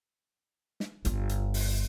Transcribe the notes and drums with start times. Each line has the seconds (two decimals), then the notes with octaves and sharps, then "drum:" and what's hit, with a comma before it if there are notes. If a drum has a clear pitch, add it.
0.80 drum: snare
1.05 G1 F4, drum: hi-hat
1.29 drum: hi-hat
1.54 drum: open hi-hat